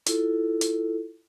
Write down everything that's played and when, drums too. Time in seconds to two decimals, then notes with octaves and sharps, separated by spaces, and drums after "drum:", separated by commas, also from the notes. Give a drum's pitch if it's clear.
0.06 E4 F4 A4, drum: hi-hat
0.61 drum: hi-hat